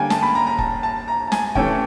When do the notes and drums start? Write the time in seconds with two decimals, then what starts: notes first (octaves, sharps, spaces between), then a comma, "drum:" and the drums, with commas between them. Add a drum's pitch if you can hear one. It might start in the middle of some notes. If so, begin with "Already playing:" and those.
Already playing: D3 G3 A#3 C#4 G5 G#5
0.10 A5, drum: snare
0.23 B5
0.35 A#5
0.47 A#5
0.58 A5, drum: kick
0.83 A5
1.08 A#5
1.27 A5
1.32 G#5, drum: snare
1.55 C3 E3 A3 C#4 G5, drum: kick